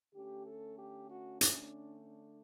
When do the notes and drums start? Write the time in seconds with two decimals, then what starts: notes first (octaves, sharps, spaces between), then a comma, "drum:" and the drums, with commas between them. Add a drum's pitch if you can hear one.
0.14 D3 A3 C#4 G4
0.45 A4
0.77 G4
1.09 F#4
1.41 D4, drum: hi-hat
2.04 D4